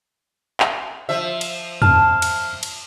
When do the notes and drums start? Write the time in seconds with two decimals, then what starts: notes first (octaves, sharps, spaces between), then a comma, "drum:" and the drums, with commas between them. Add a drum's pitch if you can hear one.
0.60 drum: clap
1.09 F3 E5
1.41 drum: cymbal
1.82 A5 F6, drum: tom
2.22 drum: cymbal
2.63 drum: cymbal